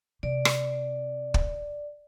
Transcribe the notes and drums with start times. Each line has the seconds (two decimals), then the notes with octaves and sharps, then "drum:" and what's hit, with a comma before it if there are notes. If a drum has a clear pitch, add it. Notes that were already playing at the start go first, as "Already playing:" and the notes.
0.23 C3 D5
0.45 drum: rim click
1.34 drum: kick